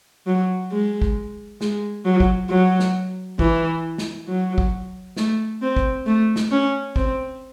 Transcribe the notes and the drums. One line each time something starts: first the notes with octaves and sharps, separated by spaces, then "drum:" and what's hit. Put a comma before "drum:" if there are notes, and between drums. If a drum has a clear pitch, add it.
F#3
G#3
drum: kick
G#3, drum: snare
F#3
drum: kick
F#3
drum: snare
E3, drum: kick
drum: snare
F#3
drum: kick
A3, drum: snare
C4
drum: kick
A3
drum: snare
C#4
C4, drum: kick